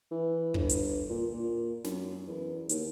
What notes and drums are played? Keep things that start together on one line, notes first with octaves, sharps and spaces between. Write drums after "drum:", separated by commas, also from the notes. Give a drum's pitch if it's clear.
E3
G1, drum: kick
drum: hi-hat
A#2
A#2
F#2, drum: snare
E2
D#2, drum: hi-hat